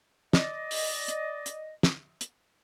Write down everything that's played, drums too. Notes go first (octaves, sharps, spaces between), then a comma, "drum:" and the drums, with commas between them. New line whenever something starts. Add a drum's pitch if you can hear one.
D5 D#5, drum: snare
drum: open hi-hat
drum: hi-hat
drum: hi-hat
drum: snare
drum: hi-hat